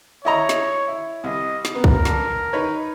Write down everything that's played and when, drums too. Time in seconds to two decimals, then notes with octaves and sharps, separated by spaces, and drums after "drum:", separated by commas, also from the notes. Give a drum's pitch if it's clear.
0.25 E4 C#5 D#5 A#5
0.49 drum: snare
0.88 E4
1.24 C2 D#5
1.65 drum: snare
1.75 B3 A#4
1.84 drum: kick
2.05 D3, drum: snare
2.53 D#4 B4 C#5